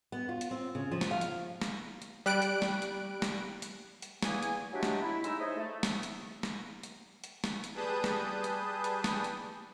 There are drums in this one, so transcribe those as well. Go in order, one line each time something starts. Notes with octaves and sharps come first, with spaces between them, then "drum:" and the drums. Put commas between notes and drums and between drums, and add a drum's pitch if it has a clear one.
B3
F4
drum: hi-hat
C4
C#3
F3
drum: snare
F5
drum: hi-hat
drum: snare
drum: hi-hat
G3 F#6 D7
drum: hi-hat
drum: snare
drum: hi-hat
drum: snare
drum: hi-hat
drum: hi-hat
E2 A#3 G#4 G#5, drum: snare
drum: hi-hat
F#3 G#3 A3 D4 F#4 G4
drum: snare
E4
G#3 D#4 E6, drum: hi-hat
C5 C#5 D#5 E5
A3
drum: snare
drum: hi-hat
drum: snare
drum: hi-hat
drum: hi-hat
drum: snare
drum: hi-hat
G3 G#4 B4 A5 D#6 G6
drum: snare
drum: hi-hat
drum: hi-hat
drum: snare
drum: hi-hat